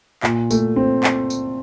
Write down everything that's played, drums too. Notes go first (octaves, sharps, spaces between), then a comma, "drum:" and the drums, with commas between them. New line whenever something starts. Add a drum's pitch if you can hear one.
A#2, drum: clap
A3, drum: tambourine
C4
drum: clap
drum: tambourine